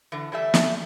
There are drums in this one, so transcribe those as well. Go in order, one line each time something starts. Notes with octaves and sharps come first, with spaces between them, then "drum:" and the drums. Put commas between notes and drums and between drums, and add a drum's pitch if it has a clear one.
D3 E3
E3 G3 A3 E5
drum: snare